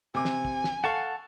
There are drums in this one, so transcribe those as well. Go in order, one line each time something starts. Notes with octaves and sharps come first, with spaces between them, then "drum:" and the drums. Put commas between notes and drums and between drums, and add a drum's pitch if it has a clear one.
C3 G#5 D6
drum: snare
drum: kick
drum: snare
A4 F5 F#5 A5 C#6